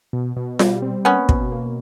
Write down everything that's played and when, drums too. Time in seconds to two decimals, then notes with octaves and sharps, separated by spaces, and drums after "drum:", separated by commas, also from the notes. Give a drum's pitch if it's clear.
0.13 B2
0.36 B2
0.59 G3, drum: snare F4
0.82 C4
1.05 A#3 B3 C#4
1.29 B2, drum: kick
1.52 A#3